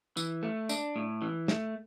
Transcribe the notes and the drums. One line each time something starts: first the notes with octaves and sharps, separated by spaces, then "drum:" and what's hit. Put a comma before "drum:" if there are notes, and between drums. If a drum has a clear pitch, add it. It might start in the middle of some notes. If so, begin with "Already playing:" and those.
E3, drum: tambourine
A3
D4, drum: tambourine
A2
E3
A3, drum: snare